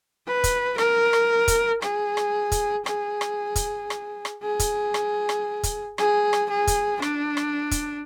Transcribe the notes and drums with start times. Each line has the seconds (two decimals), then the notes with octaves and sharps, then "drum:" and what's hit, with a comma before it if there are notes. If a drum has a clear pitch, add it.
0.27 B4
0.44 drum: kick, hi-hat
0.78 A#4, drum: rim click
1.13 drum: rim click
1.48 drum: kick, hi-hat
1.82 G#4, drum: rim click
2.17 drum: rim click
2.52 drum: kick, hi-hat
2.86 G#4, drum: rim click
3.21 drum: rim click
3.56 drum: kick, hi-hat
3.90 drum: rim click
4.25 drum: rim click
4.43 G#4
4.59 drum: kick, hi-hat
4.94 drum: rim click
5.29 drum: rim click
5.63 drum: kick, hi-hat
5.98 G#4, drum: rim click
6.33 drum: rim click
6.50 G#4
6.67 drum: kick, hi-hat
7.02 D4, drum: rim click
7.37 drum: rim click
7.71 drum: kick, hi-hat